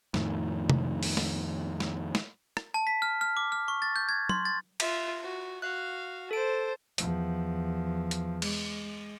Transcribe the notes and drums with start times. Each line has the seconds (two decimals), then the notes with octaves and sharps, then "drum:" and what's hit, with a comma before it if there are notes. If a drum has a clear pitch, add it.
0.14 F2 A2 D#3, drum: snare
0.70 drum: tom
1.03 drum: open hi-hat
1.17 drum: snare
1.80 drum: snare
2.15 drum: snare
2.57 drum: rim click
2.74 A5
2.87 B6
3.02 F6
3.21 F6
3.37 D6
3.52 F6
3.68 C#6
3.82 A6
3.96 G6
4.09 G#6
4.29 C6, drum: tom
4.45 A6
4.80 F4 E5, drum: cymbal
5.23 F#4
5.62 F#4 F5 F#6
6.31 A4 C5 A5 D7
6.98 E2 F3, drum: hi-hat
8.11 drum: hi-hat
8.42 G#3, drum: cymbal